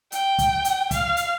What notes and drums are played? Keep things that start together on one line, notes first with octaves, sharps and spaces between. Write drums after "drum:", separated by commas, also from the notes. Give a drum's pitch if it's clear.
G5, drum: hi-hat
drum: kick, hi-hat
drum: hi-hat
F5, drum: kick, hi-hat
drum: hi-hat